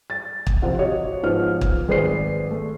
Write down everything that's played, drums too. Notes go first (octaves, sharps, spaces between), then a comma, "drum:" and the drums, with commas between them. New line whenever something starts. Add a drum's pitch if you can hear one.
A6
drum: kick
F2 C3 F4 F#5
F#4 G4 C#5 D#5
G#2 F3 B3 F6
drum: kick
G#1 G#4 B4 C5 D5 C7
A3